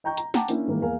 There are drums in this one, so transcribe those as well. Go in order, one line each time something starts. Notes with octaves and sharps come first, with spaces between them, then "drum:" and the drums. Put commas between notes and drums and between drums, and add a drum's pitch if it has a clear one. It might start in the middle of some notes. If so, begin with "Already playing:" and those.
D#5 G5 A#5 C#6 G6
A#5, drum: hi-hat
F#5 G5 A5 A#5 D6, drum: snare
A#3 C#4 D4 E4, drum: hi-hat
G#2 D#3 E3 G3 G#3 A#3
E2 A#3 A#4 F5 G#5